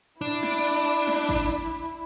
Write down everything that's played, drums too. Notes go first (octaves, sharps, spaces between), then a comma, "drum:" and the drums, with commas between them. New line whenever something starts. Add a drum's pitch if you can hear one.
D4 E4
drum: snare
drum: snare
drum: kick